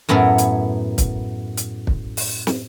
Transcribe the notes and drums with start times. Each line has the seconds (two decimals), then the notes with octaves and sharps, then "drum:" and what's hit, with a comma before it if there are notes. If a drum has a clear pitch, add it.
0.09 F#2 A2 B3 E4 A#4
0.38 drum: hi-hat
0.98 drum: kick, hi-hat
1.57 drum: hi-hat
1.87 drum: kick
2.17 drum: open hi-hat
2.47 drum: snare